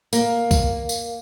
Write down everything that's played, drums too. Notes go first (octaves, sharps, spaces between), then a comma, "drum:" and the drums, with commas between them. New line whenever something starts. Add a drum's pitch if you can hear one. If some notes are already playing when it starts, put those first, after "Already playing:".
A#3, drum: tambourine
drum: kick C2, tambourine
drum: tambourine